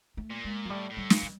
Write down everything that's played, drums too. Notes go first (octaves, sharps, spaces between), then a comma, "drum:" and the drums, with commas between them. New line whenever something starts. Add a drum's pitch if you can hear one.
A3
A#2
G#3
F#3
A2 G3
A2
G3
A#2, drum: snare
G3